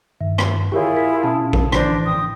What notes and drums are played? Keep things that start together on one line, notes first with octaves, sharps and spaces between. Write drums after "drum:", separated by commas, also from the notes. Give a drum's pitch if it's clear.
G2 D#3 E5
drum: rim click
E4 F4 G4 G#4 A#4 C#5 G5
A#4 B6
B2 C#4 A5 D#6
drum: kick A#1
A2 D3 E3 D4 C5 C6 A#6, drum: rim click
G5 D#6